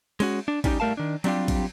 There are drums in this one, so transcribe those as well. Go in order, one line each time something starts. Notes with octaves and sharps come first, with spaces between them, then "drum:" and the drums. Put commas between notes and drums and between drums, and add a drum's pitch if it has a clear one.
G#3 C#4 F#4, drum: cymbal
D4
G3 C#4 D#4 F4 G4, drum: kick, cymbal
A2 G3 A3 A#4 F5 A5
D#3 D4
F#3 G3 C4 D4 F4 G4, drum: cymbal
drum: kick, cymbal